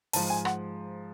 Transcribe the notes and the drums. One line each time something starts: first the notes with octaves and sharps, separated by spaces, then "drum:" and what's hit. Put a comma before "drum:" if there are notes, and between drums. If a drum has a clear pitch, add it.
G#2 F3 A5, drum: open hi-hat
G#5
F#5, drum: rim click